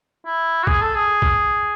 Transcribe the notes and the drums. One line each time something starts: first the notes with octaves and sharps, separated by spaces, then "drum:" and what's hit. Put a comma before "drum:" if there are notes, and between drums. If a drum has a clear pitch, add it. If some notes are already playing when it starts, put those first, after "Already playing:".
E4
F#4
G#4, drum: kick B1
A4
G#4
drum: kick B1